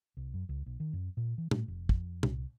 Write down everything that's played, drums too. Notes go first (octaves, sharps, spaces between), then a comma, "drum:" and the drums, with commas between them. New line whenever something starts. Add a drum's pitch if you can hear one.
C2
F#2
C#2
B1
D#3
F#2
A#2
E3
A2, drum: tom A#2
F1
F2, drum: kick
C2, drum: tom A#2